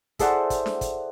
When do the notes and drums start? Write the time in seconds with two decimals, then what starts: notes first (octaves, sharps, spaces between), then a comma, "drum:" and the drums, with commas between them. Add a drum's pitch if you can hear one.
0.19 E4 G#4 A4 C5 D5 F#5, drum: kick, hi-hat
0.50 drum: kick, hi-hat
0.66 drum: snare D4
0.81 drum: kick, hi-hat